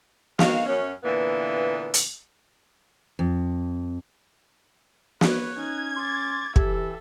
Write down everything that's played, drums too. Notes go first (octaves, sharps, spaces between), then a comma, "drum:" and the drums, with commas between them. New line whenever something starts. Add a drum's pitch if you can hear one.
D#3 G#3 F#4 F5, drum: snare
F#2 C#4
A#2 D3 E3 A#3 B3
drum: hi-hat
F2
B4 C#5 F#6, drum: snare
C#4 D#4 G#6
C6 D6 A6
E3 G4 A4 E5, drum: kick